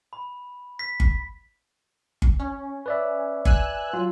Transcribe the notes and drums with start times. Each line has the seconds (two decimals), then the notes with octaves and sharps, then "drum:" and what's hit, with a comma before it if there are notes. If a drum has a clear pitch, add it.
0.13 B5
0.79 B6
1.00 drum: kick G1
2.22 drum: kick G1
2.40 C#4
2.86 B4 D5 E5
3.45 G#5 E6 F#6, drum: kick G1
3.93 F#3 F4